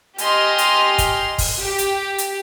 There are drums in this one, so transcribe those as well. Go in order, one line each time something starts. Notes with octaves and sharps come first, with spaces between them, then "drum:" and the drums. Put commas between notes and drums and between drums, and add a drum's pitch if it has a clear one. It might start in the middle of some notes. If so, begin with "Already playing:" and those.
G4 D#5 G#5 C6 F6, drum: hi-hat
drum: hi-hat
drum: kick, hi-hat
drum: kick, open hi-hat
G4
drum: hi-hat
drum: hi-hat